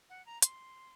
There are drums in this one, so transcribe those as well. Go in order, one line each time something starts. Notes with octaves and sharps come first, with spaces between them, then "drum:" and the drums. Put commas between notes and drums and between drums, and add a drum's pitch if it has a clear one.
F#5
A#5
C6, drum: hi-hat